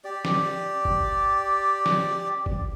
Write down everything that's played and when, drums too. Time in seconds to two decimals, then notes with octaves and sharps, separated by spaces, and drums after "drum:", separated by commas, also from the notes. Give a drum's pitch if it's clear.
0.04 G4 D5
0.25 drum: snare
0.85 drum: kick
1.86 drum: snare
2.46 drum: kick